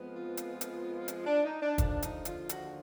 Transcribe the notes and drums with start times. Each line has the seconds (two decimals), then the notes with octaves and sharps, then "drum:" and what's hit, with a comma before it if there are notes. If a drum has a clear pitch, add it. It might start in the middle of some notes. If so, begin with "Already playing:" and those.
Already playing: F2 F3 G#3 B3
0.13 F4
0.37 drum: hi-hat
0.61 drum: hi-hat
1.08 F4, drum: hi-hat
1.25 D4
1.44 D#4
1.61 D4
1.78 D#2 D3 F3 D4, drum: kick, hi-hat
2.02 D#4, drum: hi-hat
2.25 F4, drum: hi-hat
2.49 F#4, drum: hi-hat